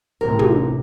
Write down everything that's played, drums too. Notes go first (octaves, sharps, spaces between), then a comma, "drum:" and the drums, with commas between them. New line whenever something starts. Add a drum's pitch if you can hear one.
A1 C3 A#4
drum: tom